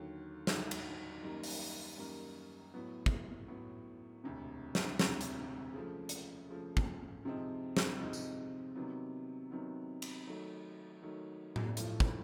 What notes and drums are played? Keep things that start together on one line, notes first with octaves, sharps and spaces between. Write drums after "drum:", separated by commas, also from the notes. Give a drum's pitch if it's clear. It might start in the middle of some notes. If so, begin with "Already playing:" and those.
Already playing: D#2 D3 F#3
D#2 D3 F#3, drum: snare
drum: cymbal
F#2 D#3 G3 A#3
drum: open hi-hat
F#2 D#3 G3 A#3
A2 F#3 B3
drum: kick
A2 F#3 B3
E1 D2 C3
drum: snare
E1 D2 C3, drum: snare
drum: hi-hat
C#3 F3 A3
drum: hi-hat
C#3 F3 A3
drum: kick
C3 F3 G#3 C4 D#4
drum: snare
C3 F3 G#3 C4 D#4
drum: tambourine
C3 D#3 F#3 B3
C3 D#3 F#3 B3
drum: cymbal
D#3 F#3 A3
D#3 F#3 A3
drum: tom A2
B1 A2 F3 A3, drum: hi-hat
drum: kick